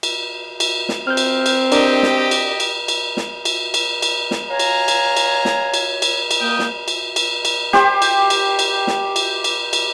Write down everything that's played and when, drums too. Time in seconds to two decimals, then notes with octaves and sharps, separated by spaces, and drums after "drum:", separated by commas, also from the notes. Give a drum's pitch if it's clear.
0.03 drum: cymbal
0.60 drum: cymbal
0.89 drum: snare
1.07 C4 F6 G6
1.17 drum: cymbal
1.46 drum: cymbal
1.72 D4 G4 A#4 D5 D#5, drum: cymbal
2.03 drum: snare
2.31 drum: cymbal
2.60 drum: cymbal
2.88 drum: cymbal
3.17 drum: snare
3.45 drum: cymbal
3.74 drum: cymbal
4.02 drum: cymbal
4.31 drum: snare
4.49 C#5 F5 G#5 A#5
4.59 drum: cymbal
4.88 drum: cymbal
5.17 drum: cymbal
5.45 drum: snare
5.74 drum: cymbal
6.02 drum: cymbal
6.31 drum: cymbal
6.40 A#3 G5 D#6
6.59 drum: snare
6.88 drum: cymbal
7.16 drum: cymbal
7.45 drum: cymbal
7.73 G4 C5, drum: snare
8.02 drum: cymbal
8.30 drum: cymbal
8.59 drum: cymbal
8.87 drum: snare
9.16 drum: cymbal
9.44 drum: cymbal
9.73 drum: cymbal